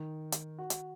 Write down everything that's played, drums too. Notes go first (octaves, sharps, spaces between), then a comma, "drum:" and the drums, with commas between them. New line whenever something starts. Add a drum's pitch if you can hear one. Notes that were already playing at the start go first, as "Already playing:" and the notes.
Already playing: D#3
drum: hi-hat
F#4
drum: hi-hat